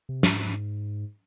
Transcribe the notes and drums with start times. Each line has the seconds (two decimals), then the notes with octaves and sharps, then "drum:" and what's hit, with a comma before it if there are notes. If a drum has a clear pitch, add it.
0.09 C3
0.23 G#2, drum: snare